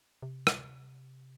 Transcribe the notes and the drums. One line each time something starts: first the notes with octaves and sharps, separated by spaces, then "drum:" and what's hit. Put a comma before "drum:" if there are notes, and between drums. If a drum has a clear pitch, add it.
C3
drum: rim click